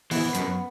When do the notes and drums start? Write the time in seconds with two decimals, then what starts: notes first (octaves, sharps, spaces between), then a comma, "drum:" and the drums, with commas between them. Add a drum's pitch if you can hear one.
0.11 E3 B3, drum: open hi-hat
0.35 F#2, drum: hi-hat